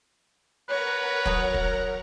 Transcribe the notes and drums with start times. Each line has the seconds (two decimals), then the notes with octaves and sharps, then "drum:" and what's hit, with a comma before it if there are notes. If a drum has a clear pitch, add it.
0.69 A#4 B4 C#5 F#5 A#5
1.26 F#3 G#4, drum: kick
1.54 drum: kick